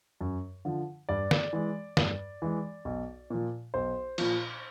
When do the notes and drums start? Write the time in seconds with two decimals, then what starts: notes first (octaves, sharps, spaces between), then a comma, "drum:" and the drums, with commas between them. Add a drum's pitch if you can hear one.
0.21 F#2
0.65 D3 F3
1.09 G2 D5
1.31 drum: snare
1.53 E3 G#3
1.97 G2, drum: snare
2.42 E3 G#3
2.85 B1
3.30 A#2 F3
3.74 B1 C5
4.18 A#2 F3, drum: cymbal